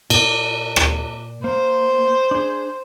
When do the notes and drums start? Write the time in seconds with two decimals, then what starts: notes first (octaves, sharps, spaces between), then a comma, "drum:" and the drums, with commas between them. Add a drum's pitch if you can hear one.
0.10 A#2 D5, drum: cymbal
0.76 drum: rim click
1.44 A#3 C5
2.31 D4 G#4